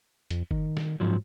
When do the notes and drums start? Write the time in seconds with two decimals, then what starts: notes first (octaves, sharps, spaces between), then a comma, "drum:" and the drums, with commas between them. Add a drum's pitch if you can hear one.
0.31 F2, drum: hi-hat
0.51 D#3, drum: kick G1
0.77 drum: snare
1.00 G#2 F3 F#3